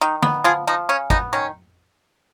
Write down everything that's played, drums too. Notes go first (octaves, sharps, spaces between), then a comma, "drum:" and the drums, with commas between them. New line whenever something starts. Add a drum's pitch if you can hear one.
D#3 D#4
B3, drum: tom
F3 F4 G#4
F3 D#4
C#3 C#4
B3 D#4, drum: kick
D#3 C#4